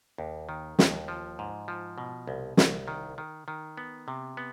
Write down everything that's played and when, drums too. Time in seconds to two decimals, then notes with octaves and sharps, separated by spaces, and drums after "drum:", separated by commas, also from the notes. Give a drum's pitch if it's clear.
0.18 D#2
0.49 D#3
0.79 D#2, drum: snare
1.08 F3
1.39 G#2
1.68 F3
1.98 B2
2.28 C2
2.57 C2, drum: snare
2.88 D#3
3.18 D#3
3.48 D#3
3.77 B3
4.08 C3
4.37 B3